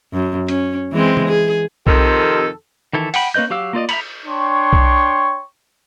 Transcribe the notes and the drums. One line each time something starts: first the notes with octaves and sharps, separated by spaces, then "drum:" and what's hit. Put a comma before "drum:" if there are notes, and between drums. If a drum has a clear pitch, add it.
F#2
C#4, drum: hi-hat
E3 G#3 C4
drum: tom
G#4
F2 C3 D#3 G4 A4, drum: kick B1
D#3 E3 E4 A4
F#5 G5 B5, drum: open hi-hat
A#3 C#4 B4 D#5 G6
F#3 G4 F5 E6
A#3 F4 D5 D#5
E5 A#5 B5, drum: cymbal
D4 C#5 G5 C6 C#6
drum: kick B1